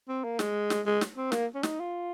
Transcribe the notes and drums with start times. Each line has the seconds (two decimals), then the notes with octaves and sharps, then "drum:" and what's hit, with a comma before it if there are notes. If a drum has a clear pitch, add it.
0.08 C4
0.24 A#3
0.39 G#3, drum: snare
0.70 drum: snare
0.86 G#3
1.01 drum: snare
1.17 C4
1.32 A#3, drum: snare
1.55 C#4
1.63 D#4, drum: snare
1.79 F4